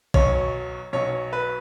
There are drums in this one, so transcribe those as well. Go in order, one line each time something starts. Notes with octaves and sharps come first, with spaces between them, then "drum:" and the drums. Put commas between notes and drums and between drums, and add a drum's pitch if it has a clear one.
B1 B2 F#3 C#5, drum: kick
B1 B2 F#3 C#5
B4